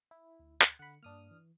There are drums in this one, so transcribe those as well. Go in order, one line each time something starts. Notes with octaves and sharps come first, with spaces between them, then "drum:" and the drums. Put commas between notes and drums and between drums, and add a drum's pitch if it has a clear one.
E4
D2
drum: clap
D3 F#5 B5 C#7
G2 A#3 D4 D#6 F6
E3